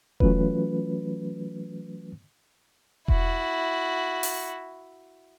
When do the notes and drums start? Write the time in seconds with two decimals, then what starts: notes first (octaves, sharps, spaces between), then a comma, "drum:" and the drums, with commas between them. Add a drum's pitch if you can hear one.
0.20 E3 F#3 A3 C#4 F4 B4, drum: kick E1
3.08 E4 F#4, drum: kick E1
4.23 drum: open hi-hat